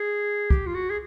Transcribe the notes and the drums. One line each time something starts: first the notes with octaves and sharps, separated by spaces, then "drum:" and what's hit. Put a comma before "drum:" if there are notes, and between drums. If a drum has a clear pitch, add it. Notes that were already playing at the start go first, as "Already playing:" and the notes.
Already playing: G#4
G4, drum: kick
F4
F#4
G#4